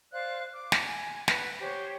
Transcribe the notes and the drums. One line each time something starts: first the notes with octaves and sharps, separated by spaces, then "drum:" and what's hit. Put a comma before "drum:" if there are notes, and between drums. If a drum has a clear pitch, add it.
C5 D5 F5 F#6
D6
drum: snare
G#5
B4 F#5, drum: snare
G4 C5 C#5